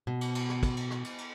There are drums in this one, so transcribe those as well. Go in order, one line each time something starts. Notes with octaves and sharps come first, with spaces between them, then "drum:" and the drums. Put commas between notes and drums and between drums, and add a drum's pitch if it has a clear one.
B2
drum: cymbal
drum: cymbal
drum: rim click
drum: kick, cymbal
drum: cymbal
drum: rim click
drum: cymbal
drum: cymbal